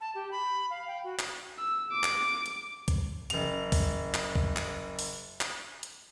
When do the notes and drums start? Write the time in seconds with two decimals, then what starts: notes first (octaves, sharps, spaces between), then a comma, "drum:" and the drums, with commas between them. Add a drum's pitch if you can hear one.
0.01 A5
0.15 G4
0.31 B5
0.70 F5
0.88 G5
1.04 F#4
1.19 drum: clap
1.58 E6
1.92 D6
2.04 drum: clap
2.46 drum: hi-hat
2.88 drum: kick, hi-hat
3.30 F#1 F7, drum: hi-hat
3.72 drum: kick, open hi-hat
4.14 drum: clap
4.35 drum: kick
4.56 drum: clap
4.99 drum: open hi-hat
5.41 drum: clap
5.83 drum: hi-hat